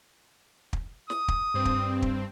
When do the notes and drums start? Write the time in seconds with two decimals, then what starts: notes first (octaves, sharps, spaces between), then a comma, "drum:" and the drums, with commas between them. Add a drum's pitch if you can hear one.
0.73 drum: kick
1.10 D#6, drum: snare
1.28 drum: kick
1.54 G2 C4
1.65 drum: kick
2.02 drum: kick